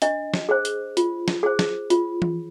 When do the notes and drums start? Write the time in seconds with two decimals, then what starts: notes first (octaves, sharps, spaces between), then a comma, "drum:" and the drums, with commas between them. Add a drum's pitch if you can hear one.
0.02 D4 D#5, drum: hi-hat
0.34 drum: snare
0.49 G#4 C5
0.65 drum: hi-hat
0.97 F4, drum: hi-hat
1.28 drum: snare
1.43 G#4 C5
1.59 drum: snare
1.90 F4, drum: hi-hat
2.22 drum: tom E3